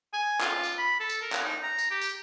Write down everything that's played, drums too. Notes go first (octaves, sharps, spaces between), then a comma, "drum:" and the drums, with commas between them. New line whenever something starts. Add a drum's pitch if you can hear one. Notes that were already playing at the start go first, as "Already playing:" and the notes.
G#5
F4, drum: clap
drum: tambourine
B5
A4
drum: tambourine
A#4
drum: clap
D#4
A#5
drum: tambourine
G4
drum: tambourine